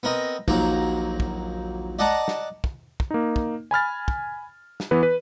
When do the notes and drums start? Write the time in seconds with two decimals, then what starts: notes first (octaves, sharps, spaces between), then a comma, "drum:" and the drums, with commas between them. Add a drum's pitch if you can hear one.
0.03 B3 C4 A#4 D#5
0.48 A#1 D#2 F#3 A#3 A#5, drum: kick
1.20 drum: kick
1.99 D5 D#5 F#5 A5 A#5
2.28 drum: snare
2.64 drum: kick
3.00 drum: kick
3.11 A#3 D#4
3.36 drum: kick
3.71 G#5 B5 F6 A6
4.08 drum: kick
4.80 drum: snare
4.91 E3 B3 B4
5.03 B4